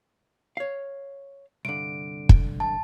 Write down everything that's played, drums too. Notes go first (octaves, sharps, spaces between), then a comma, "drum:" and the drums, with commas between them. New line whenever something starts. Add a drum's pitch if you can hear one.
C#5 F5
C2 G2 D3 D7
drum: kick
A5